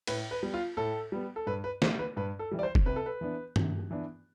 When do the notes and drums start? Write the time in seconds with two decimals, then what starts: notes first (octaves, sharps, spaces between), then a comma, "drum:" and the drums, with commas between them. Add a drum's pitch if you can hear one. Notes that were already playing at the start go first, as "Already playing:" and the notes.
0.07 A2 B4, drum: cymbal
0.31 B4
0.43 G3 B3
0.54 F4
0.77 A2 A4
1.12 G3 B3
1.36 A4
1.47 G2 B4
1.64 B4
1.82 E3 G3 C5, drum: snare
1.99 B4
2.17 G2 B4
2.39 A4
2.51 E3 G3
2.59 D5
2.63 C5
2.75 drum: kick F1
2.86 C3 B4
2.96 A4
3.06 B4
3.21 E3 B3 D4
3.56 C3, drum: tom
3.91 E3 B3 D4